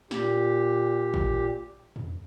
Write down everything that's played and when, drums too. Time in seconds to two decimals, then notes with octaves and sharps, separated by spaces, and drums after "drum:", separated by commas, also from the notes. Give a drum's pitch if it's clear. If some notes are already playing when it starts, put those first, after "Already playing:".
0.11 A#2 G4, drum: snare
1.14 drum: kick A1
1.96 drum: tom